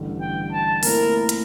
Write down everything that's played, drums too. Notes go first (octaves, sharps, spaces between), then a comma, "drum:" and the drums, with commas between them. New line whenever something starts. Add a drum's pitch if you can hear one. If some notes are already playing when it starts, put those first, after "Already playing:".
Already playing: A1 G2 D3
G5
A5
A#2 A3 C4 E4 A#4, drum: open hi-hat
drum: hi-hat